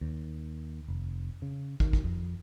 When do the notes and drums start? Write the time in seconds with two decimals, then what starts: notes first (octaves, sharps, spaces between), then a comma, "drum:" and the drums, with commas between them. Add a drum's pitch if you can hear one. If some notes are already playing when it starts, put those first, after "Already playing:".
0.01 D#2
0.88 F1
1.42 C#3
1.80 D#3, drum: kick
1.93 drum: kick
2.04 F2